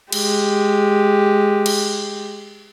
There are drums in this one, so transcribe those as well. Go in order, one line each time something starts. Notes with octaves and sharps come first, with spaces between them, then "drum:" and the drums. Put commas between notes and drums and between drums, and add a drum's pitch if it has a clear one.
G#3 G4, drum: cymbal
drum: cymbal